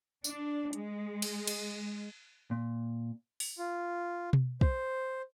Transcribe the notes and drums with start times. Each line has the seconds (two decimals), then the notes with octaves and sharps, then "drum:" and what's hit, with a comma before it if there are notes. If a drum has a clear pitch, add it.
0.24 D4, drum: tambourine
0.73 G#3, drum: hi-hat
1.22 drum: cymbal
1.47 drum: cymbal
2.51 A#2
3.40 drum: open hi-hat
3.58 F4
4.33 drum: tom B2
4.61 C5, drum: kick